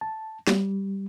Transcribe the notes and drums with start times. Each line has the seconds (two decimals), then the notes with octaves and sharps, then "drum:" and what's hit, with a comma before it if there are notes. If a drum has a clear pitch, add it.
0.01 A5
0.47 G3, drum: snare